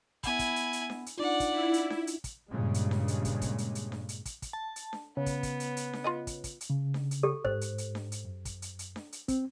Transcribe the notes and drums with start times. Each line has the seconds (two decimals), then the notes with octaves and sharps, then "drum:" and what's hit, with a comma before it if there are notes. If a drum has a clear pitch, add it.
0.24 B3 E4 F#5 G#5 B5, drum: kick, hi-hat
0.39 drum: kick, hi-hat
0.56 drum: hi-hat
0.73 drum: hi-hat
0.90 drum: snare D4
1.06 drum: hi-hat
1.18 D4 D#4 F4 D5 F#5
1.40 drum: kick, hi-hat
1.51 E4
1.74 drum: hi-hat
1.90 drum: snare D4
2.07 drum: hi-hat
2.24 drum: kick, hi-hat
2.49 G2 A#2 C#3 G#3
2.74 drum: hi-hat
2.91 drum: snare D4
3.08 drum: hi-hat
3.25 drum: kick, hi-hat
3.42 drum: kick, hi-hat
3.58 drum: hi-hat
3.75 drum: hi-hat
3.92 drum: snare D4
4.09 drum: hi-hat
4.25 drum: kick, hi-hat
4.42 drum: kick, hi-hat
4.53 A5
4.76 drum: hi-hat
4.93 drum: snare D4
5.17 C#3 B3
5.26 drum: kick, hi-hat
5.43 drum: kick, hi-hat
5.60 drum: hi-hat
5.77 drum: hi-hat
5.93 drum: snare D4
6.04 F4 B4 D#5
6.27 drum: kick, hi-hat
6.44 drum: kick, hi-hat
6.61 drum: hi-hat
6.70 C#3
6.94 drum: snare D4
7.11 drum: hi-hat
7.23 G4 A4
7.45 G#2 C5, drum: kick
7.61 drum: hi-hat
7.78 drum: hi-hat
7.95 drum: snare D4
8.12 drum: hi-hat
8.25 F#2
8.45 drum: kick, hi-hat
8.62 drum: hi-hat
8.79 drum: hi-hat
8.96 drum: snare D4
9.12 drum: hi-hat
9.28 C4, drum: kick, hi-hat